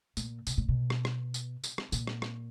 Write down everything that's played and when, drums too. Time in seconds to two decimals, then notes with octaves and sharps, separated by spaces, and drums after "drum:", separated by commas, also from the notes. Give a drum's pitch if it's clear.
0.17 A#2, drum: tambourine
0.47 B2, drum: tambourine
0.58 A#2
0.68 B2
0.90 drum: rim click
1.05 drum: rim click
1.34 drum: tambourine
1.64 drum: tambourine
1.78 drum: rim click
1.92 A#2, drum: tambourine
2.07 drum: rim click
2.22 drum: rim click